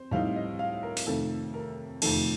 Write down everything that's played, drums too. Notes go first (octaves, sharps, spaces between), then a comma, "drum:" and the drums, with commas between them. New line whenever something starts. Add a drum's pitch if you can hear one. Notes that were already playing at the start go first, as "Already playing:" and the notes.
Already playing: C4 C5
A2 G3 C4 D#4 F5
D#5
F5
A#4
drum: open hi-hat
F2 C3 D#3 A3 A4
A#4
F2 C3 D#3 A3 A4, drum: cymbal